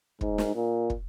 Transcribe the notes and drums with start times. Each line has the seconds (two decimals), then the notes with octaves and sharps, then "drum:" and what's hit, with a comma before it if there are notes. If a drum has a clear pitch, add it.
0.21 G#2, drum: kick
0.38 drum: snare
0.55 A#2
0.90 drum: kick